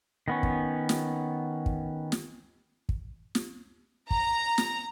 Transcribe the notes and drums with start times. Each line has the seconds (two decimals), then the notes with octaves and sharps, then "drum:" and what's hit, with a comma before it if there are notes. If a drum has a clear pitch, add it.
0.28 D#3 B3 C#4
0.43 drum: kick
0.89 drum: snare
1.66 drum: kick
2.12 drum: snare
2.89 drum: kick
3.35 drum: snare
4.11 A#5, drum: kick
4.58 drum: snare